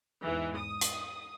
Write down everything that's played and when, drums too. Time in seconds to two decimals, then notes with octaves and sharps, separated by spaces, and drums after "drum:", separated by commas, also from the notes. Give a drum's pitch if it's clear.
0.24 E2 G#2 E3
0.58 D#6
0.81 drum: hi-hat